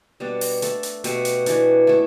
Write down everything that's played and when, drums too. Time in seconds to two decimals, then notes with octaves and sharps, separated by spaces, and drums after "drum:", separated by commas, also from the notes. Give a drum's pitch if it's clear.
0.20 B2 G3 B3 D4
0.41 drum: open hi-hat
0.62 A3 D4 A4, drum: hi-hat
0.83 drum: hi-hat
1.04 B2 A3 G4 B4, drum: hi-hat
1.25 drum: hi-hat
1.46 E3 B3 D4 G4, drum: hi-hat
1.87 A3 E4 A4